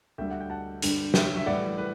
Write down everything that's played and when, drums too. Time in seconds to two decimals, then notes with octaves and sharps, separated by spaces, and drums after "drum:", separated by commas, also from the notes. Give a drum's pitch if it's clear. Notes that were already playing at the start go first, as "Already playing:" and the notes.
0.18 D2 D3 G3 E5 G5
0.31 F#5
0.40 G5
0.50 F#5 A5
0.82 G2 D3 G3, drum: hi-hat
1.14 E5 G5, drum: snare
1.37 E5
1.46 A2 E3 G3 D5 F#5
1.78 B4